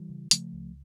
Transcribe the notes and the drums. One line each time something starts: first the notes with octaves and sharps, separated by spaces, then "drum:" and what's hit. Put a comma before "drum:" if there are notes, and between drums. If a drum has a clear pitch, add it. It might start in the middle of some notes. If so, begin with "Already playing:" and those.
Already playing: E3 G3
C#3
C#3 F3 A3, drum: hi-hat
C#2